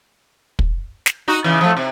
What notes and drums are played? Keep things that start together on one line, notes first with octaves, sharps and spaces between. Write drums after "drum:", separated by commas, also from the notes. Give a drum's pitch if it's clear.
drum: kick
drum: snare
D#4 F#4
C#3 E3
F3 A3
C3